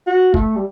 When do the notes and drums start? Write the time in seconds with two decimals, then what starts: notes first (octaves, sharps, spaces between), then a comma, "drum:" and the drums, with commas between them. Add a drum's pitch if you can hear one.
0.07 F#4
0.34 A3, drum: kick F1
0.56 G3